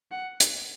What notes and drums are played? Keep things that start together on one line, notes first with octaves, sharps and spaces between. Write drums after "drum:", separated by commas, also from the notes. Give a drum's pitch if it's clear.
F#5
drum: hi-hat